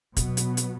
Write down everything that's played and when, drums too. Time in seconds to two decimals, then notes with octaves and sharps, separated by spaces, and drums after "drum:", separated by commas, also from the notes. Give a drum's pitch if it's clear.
0.17 B2 F#3 B3, drum: kick, hi-hat
0.37 drum: hi-hat
0.57 drum: hi-hat